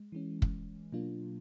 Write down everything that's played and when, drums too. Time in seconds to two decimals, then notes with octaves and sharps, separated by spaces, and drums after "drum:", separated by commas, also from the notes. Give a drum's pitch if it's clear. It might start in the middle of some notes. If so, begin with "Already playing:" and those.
Already playing: G#3
0.12 E3 G#3 C#4
0.42 drum: kick
0.93 B2 F#3 A#3 D4 F4